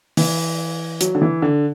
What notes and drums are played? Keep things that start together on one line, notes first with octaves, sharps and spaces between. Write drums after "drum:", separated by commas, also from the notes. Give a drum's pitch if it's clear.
E3, drum: open hi-hat
F#3, drum: hi-hat
D3
E3
D3